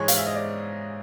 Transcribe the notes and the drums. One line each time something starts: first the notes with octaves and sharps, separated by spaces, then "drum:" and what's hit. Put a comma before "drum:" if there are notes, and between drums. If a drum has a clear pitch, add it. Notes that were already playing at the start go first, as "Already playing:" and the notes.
Already playing: G#2 E3 G#3 C#5
F5, drum: hi-hat
E5
D#5
D5